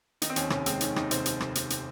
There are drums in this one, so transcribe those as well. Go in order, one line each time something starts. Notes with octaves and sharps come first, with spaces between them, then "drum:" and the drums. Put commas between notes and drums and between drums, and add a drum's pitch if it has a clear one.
D#3 D#4, drum: hi-hat
C4
D#2 C#4, drum: hi-hat
F1 C#4, drum: rim click
G#3 C4, drum: hi-hat
D#3 C#4, drum: hi-hat
D#2 D#4, drum: rim click
F1 C5, drum: hi-hat
drum: hi-hat
drum: rim click
drum: hi-hat
drum: hi-hat